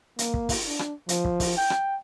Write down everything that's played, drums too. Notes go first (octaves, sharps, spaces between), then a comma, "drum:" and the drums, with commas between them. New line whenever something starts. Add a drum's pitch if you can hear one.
A#3, drum: hi-hat
drum: kick
drum: kick, open hi-hat
D4
drum: rim click
F3, drum: hi-hat
drum: kick
drum: kick, open hi-hat
G5
drum: rim click